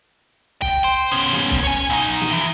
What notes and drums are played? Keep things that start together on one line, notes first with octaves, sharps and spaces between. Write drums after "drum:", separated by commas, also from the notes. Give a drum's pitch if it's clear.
G5, drum: kick B1
C5
B3 C#4
drum: snare
drum: kick B1
C#5 G#5
B1 D#4
drum: snare
E3